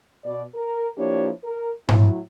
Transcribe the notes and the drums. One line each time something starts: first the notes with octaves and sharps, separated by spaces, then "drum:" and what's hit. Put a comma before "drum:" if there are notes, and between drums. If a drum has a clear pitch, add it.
B2 D5
A#4
F3 A#3 D4 E4 G4 C#5
A#4
A2 F#3 E4, drum: tom G#2